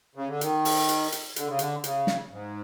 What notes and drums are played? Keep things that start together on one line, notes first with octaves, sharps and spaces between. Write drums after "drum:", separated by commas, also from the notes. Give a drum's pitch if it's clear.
C#3
D3
D#3, drum: hi-hat
drum: open hi-hat
drum: hi-hat
drum: hi-hat
D3, drum: hi-hat
C#3
D3, drum: hi-hat
C#3, drum: hi-hat
drum: snare
G#2